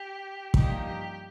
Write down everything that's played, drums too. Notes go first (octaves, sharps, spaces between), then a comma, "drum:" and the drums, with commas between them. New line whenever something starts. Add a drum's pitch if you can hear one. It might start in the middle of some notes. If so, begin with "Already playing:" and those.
Already playing: G4
G2 F3 A#3 D#4 G4, drum: kick
G4